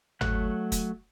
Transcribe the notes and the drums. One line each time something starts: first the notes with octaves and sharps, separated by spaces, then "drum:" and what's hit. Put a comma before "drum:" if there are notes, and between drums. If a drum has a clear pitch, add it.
F#3 A3 F#5 F#6, drum: tom
drum: kick, hi-hat